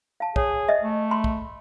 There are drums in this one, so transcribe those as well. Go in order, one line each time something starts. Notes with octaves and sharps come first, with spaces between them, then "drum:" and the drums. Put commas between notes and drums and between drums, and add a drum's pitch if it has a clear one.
F5 A5
G#4 C#5, drum: kick
D#5 E5
A3
B5 C6
drum: kick